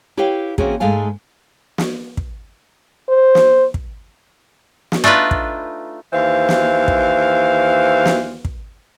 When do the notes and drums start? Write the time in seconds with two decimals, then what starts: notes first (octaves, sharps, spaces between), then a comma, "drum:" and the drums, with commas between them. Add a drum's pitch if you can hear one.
0.17 E4 G4 B4 C#5 F5 G5
0.58 E3 A#3 C4 C#4 F#4 G#4, drum: kick
0.80 G#2 G#3 A3 F5 G#5
1.78 drum: snare
2.17 drum: kick
3.09 C5
3.35 drum: snare
3.74 drum: kick
4.92 drum: snare
5.04 A3 D4 D#4 F4 B4
5.31 drum: kick
6.13 D#2 E3 C5 F5
6.49 drum: snare
6.88 drum: kick
8.05 drum: snare
8.45 drum: kick